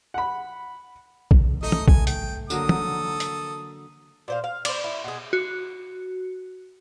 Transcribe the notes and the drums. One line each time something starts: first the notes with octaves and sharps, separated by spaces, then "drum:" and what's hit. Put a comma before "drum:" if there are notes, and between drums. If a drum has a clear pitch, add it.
F#5 B5
drum: kick A#1
A3 D#4 D#5
drum: tom
G#5, drum: kick A#1
G5, drum: hi-hat
D3 F#3 A#3 A4 D#6, drum: tambourine
drum: tom
drum: hi-hat
A#2 C5 F5
F5
C5 D5, drum: cymbal
E4
B2 G#4
F#4